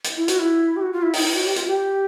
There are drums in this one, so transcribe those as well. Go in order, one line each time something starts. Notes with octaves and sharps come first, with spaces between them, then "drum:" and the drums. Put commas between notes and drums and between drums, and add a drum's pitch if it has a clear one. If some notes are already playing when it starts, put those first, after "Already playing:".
drum: hi-hat
E4
F#4, drum: hi-hat
E4
G4
F#4
F4
E4
D#4, drum: open hi-hat
E4
F#4
G4
F4, drum: hi-hat
G4